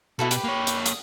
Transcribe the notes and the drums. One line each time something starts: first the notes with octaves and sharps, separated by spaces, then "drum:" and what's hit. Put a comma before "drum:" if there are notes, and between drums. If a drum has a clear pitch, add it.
B2 E4 F#4 A4
G4 B4, drum: hi-hat
A#3 C#5
drum: hi-hat
D#6, drum: hi-hat